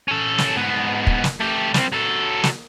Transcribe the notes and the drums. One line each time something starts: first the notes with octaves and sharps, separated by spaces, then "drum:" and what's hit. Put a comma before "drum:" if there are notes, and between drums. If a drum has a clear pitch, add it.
C#4 A4
drum: snare
G#2 B3
drum: kick
drum: snare
A3 G4
G3 C4, drum: snare
F#3 A4
drum: snare